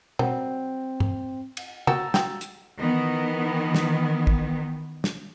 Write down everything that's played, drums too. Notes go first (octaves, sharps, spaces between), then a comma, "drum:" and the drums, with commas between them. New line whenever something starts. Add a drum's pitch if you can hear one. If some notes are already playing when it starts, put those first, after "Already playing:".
F#3 G3 C4, drum: tom
drum: tom G2
drum: cymbal
F#4 G4 A#5 E6 A6, drum: tom
F#4 G4, drum: snare
drum: hi-hat
D#3 E3 B3
drum: snare
drum: kick
drum: snare